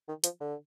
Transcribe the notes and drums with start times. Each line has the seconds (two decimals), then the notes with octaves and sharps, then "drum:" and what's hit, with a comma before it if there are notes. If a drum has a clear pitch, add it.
0.08 D#3
0.24 F3, drum: hi-hat
0.40 D3